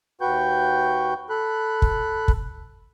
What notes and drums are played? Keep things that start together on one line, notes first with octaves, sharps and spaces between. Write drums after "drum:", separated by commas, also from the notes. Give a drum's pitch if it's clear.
D#2 F#4 B4 G5 C#6 G6
A4 B5 F#6
drum: kick
drum: kick